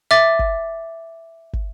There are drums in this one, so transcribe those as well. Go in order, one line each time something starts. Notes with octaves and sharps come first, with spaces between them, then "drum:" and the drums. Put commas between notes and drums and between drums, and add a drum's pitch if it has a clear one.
E5 D6 A6
drum: kick
drum: kick